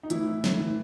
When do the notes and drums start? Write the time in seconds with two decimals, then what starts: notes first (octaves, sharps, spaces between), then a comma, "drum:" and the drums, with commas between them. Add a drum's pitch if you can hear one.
0.03 D#4
0.10 A2 E3 E4, drum: hi-hat
0.27 E3
0.44 A2, drum: snare
0.60 E3